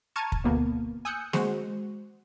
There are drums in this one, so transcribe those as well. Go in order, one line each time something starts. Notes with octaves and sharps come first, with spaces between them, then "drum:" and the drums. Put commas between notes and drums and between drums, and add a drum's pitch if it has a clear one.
A5 A#5 C#6 F6 G#6 D#7
drum: kick
D2 B2 A#3 B3
G#5 D#6 E6 F#6 G6 C#7
G#3 F#4 C5, drum: snare